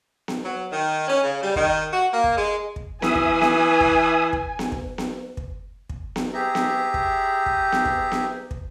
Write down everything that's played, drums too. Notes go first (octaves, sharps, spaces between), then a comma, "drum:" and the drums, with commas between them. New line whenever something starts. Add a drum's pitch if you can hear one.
drum: snare B3
F#3
D#3
C#4
C#3
G3
D#3, drum: kick
F#4
A#3
drum: kick
G#3
drum: kick
E3 E5 G#5 D#6, drum: snare B3
drum: kick
drum: snare B3
drum: kick
drum: kick
drum: snare B3
drum: kick
drum: snare B3
drum: kick
drum: kick
drum: snare B3
G4 G#4 E5 A#5
drum: snare B3
drum: kick
drum: kick
drum: snare B3
drum: kick
drum: snare B3
drum: kick